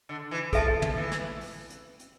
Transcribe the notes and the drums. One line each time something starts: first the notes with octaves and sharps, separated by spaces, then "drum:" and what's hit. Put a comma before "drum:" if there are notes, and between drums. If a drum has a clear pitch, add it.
D3
E3
F3 A4 E5 A5, drum: kick A#1, hi-hat
drum: tom
E3
drum: snare
drum: open hi-hat
drum: hi-hat
drum: hi-hat